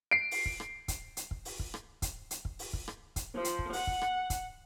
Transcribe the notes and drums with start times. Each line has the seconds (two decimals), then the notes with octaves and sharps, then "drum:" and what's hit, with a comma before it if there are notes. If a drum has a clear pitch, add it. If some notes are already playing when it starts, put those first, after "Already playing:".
0.11 C7 D7
0.31 drum: open hi-hat
0.46 drum: kick
0.60 drum: rim click
0.88 drum: kick, hi-hat
1.17 drum: hi-hat
1.31 drum: kick
1.45 drum: open hi-hat
1.59 drum: kick
1.74 drum: rim click
2.02 drum: kick, hi-hat
2.31 drum: hi-hat
2.45 drum: kick
2.59 drum: open hi-hat
2.73 drum: kick
2.88 drum: rim click
3.16 drum: kick, hi-hat
3.34 F3
3.45 drum: hi-hat
3.59 drum: kick
3.73 F#5, drum: open hi-hat
3.87 drum: kick
4.01 drum: rim click
4.30 drum: kick, hi-hat